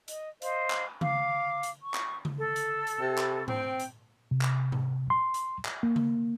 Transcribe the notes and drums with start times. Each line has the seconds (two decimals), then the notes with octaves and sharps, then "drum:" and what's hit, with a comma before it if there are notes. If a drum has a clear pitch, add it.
0.08 D#5, drum: hi-hat
0.42 C5 D#5 F5, drum: hi-hat
0.70 drum: clap
1.01 F5 D6, drum: tom C#3
1.63 drum: hi-hat
1.82 C#6
1.94 drum: clap
2.25 drum: tom C#3
2.38 A4
2.56 drum: hi-hat
2.87 drum: hi-hat
3.01 C3
3.18 drum: clap
3.48 C4 G5, drum: tom G#2
3.80 drum: hi-hat
4.31 C3
4.41 drum: clap
4.72 drum: tom G#2
5.10 C6
5.34 drum: hi-hat
5.65 drum: clap
5.83 A#3
5.96 drum: tom C#3